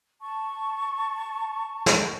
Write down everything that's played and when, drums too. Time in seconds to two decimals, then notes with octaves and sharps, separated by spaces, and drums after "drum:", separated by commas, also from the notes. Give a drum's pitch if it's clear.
0.20 A5 C#6
1.86 drum: snare